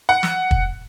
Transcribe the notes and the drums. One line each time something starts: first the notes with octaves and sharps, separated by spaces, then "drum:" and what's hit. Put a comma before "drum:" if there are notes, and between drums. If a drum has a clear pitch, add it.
F#5
drum: snare
drum: kick